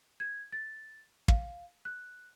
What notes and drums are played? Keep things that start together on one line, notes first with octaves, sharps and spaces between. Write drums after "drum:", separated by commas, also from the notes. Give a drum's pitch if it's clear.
G#6
A6
F5, drum: kick
F#6